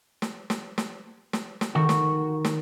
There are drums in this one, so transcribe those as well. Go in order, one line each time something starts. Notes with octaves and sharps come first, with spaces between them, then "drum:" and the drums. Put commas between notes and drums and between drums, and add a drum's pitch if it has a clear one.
drum: snare
drum: snare
drum: snare
drum: snare
drum: snare
D#3 F#4
drum: snare
drum: snare